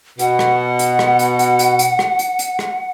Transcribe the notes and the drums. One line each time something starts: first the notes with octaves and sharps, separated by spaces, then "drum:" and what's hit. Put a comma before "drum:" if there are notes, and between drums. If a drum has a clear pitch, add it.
B2 F#5, drum: hi-hat
drum: rim click
drum: hi-hat
drum: rim click
drum: hi-hat
drum: hi-hat
drum: hi-hat
drum: hi-hat
drum: rim click
drum: hi-hat
drum: hi-hat
drum: rim click